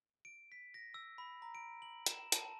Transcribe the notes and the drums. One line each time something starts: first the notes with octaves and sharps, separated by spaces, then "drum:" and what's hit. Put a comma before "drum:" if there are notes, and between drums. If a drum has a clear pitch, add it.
D7
B6
A#6
E6
B5
A#5
D7
F#7
E7, drum: hi-hat
A5, drum: hi-hat